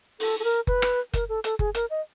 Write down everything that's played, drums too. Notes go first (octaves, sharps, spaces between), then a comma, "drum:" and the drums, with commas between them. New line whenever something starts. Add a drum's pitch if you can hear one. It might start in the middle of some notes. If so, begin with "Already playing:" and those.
A4, drum: open hi-hat
A4
A#4
B4, drum: kick F#1
drum: rim click
A#4, drum: kick F#1, hi-hat
A4
A4, drum: hi-hat
G#4, drum: kick F#1
A#4, drum: hi-hat
D#5